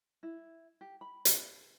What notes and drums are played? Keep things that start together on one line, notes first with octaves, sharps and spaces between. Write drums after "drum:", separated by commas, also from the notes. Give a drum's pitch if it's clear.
E4
G4
B5
drum: hi-hat